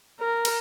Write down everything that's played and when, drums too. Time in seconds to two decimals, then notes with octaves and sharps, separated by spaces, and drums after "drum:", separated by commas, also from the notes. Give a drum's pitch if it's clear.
0.21 A#4
0.45 drum: cymbal